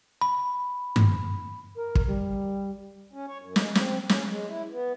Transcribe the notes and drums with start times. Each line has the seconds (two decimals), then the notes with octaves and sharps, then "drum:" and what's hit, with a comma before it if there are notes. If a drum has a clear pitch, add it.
0.21 B5
0.96 drum: tom G2
1.76 A#4
1.95 drum: kick
2.07 G3
3.13 C#4
3.27 C#5
3.41 F#2
3.56 G#3, drum: snare
3.75 C4, drum: snare
4.09 C#4, drum: snare
4.29 G#3
4.47 E4
4.71 B3